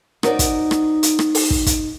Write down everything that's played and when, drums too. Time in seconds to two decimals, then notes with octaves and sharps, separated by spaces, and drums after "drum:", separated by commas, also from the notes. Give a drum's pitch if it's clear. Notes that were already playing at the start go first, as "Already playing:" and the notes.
0.23 D#4 F#4 A#4 C5 D5, drum: rim click
0.39 drum: kick, hi-hat
0.71 drum: rim click
1.03 drum: hi-hat
1.19 drum: rim click
1.35 drum: open hi-hat
1.51 drum: kick
1.66 drum: kick, hi-hat